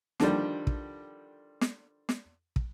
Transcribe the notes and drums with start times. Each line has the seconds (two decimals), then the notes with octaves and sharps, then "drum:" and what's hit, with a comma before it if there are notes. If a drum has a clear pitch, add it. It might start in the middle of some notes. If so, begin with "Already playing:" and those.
0.20 D3 D#3 F3 G3, drum: snare
0.67 drum: kick
1.61 drum: snare
2.09 drum: snare
2.56 drum: kick